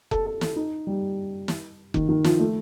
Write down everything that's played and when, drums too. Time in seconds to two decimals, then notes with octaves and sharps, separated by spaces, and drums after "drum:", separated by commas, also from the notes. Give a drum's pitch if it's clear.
0.11 A4, drum: kick F1
0.26 A4
0.41 A4, drum: snare
0.56 D#4
0.87 G3
1.48 drum: snare
1.94 D#3, drum: kick F1
2.09 D#3
2.24 F3, drum: snare
2.39 A3